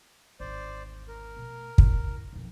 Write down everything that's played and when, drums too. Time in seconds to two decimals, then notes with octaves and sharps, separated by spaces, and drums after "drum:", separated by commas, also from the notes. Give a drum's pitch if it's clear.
0.40 G#1 D2 C5 D5
1.08 A#4
1.36 B2 A3
1.78 E4 F4, drum: kick
2.33 B1 F2